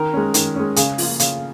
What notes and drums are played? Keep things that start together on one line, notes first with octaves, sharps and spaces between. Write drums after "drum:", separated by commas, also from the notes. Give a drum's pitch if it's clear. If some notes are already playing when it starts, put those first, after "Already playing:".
Already playing: D#3 A#4
G#3 C#4
D#3, drum: hi-hat
G#3 C#4
C#3 G#4, drum: hi-hat
F3 A#3 F4, drum: open hi-hat
C#3, drum: hi-hat